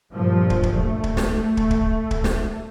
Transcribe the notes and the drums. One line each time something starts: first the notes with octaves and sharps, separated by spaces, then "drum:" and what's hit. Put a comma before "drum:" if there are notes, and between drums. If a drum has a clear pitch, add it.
G2 A#2 F3
drum: kick
drum: kick
A3
drum: kick
drum: snare
drum: kick
drum: kick
drum: kick
drum: snare